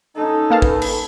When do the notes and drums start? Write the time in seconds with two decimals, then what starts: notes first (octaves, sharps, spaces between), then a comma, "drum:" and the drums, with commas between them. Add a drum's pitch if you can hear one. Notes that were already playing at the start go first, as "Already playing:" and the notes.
0.16 C#4 D#4 A4
0.50 A#3 B4 F5 A5
0.62 drum: kick
0.82 drum: cymbal